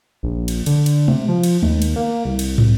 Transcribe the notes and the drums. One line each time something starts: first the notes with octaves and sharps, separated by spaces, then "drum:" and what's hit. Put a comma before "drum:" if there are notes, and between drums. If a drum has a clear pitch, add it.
A#1
drum: cymbal
D3, drum: cymbal
drum: cymbal
C3, drum: tom G#3
F3
drum: cymbal
D#2, drum: tom G#3
drum: cymbal
A#3
C2
drum: cymbal
drum: tom